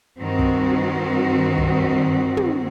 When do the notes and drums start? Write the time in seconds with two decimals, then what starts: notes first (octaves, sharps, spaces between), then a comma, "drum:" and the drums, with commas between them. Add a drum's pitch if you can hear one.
0.19 G2 D#3 C4 F#4
0.39 drum: kick
1.58 drum: kick
2.37 drum: tom